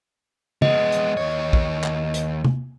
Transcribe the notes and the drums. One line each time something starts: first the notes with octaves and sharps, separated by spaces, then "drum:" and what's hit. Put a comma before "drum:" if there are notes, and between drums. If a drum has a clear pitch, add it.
G#3 B3 D#5, drum: tom C#3
drum: hi-hat
D#2 C#5
drum: kick
drum: clap
drum: hi-hat
drum: tom C3